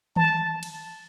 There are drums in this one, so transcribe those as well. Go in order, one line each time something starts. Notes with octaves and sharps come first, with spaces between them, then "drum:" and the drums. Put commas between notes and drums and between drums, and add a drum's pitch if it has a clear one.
A5, drum: tom D#3
drum: cymbal